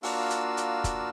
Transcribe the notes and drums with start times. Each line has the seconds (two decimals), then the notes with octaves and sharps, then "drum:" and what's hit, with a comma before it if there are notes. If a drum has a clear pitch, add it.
0.03 A#3 D4 F4 F#4 F5 E6, drum: open hi-hat
0.30 drum: hi-hat
0.57 drum: hi-hat
0.84 drum: kick, hi-hat